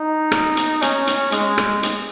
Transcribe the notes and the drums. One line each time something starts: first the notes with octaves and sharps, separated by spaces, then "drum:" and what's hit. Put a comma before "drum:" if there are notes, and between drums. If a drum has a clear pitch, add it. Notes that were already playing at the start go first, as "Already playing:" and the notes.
Already playing: D#4
drum: rim click
drum: hi-hat
C#4, drum: hi-hat
drum: hi-hat
G#3, drum: hi-hat
drum: rim click
drum: hi-hat